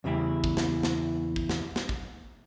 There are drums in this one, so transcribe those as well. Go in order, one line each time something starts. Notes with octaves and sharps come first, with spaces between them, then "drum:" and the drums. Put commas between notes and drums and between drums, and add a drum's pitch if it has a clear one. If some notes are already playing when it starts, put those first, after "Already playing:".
E2 C#3 G3 E4 E5 G5
drum: kick
drum: snare
drum: snare
drum: kick
drum: snare
drum: snare
drum: kick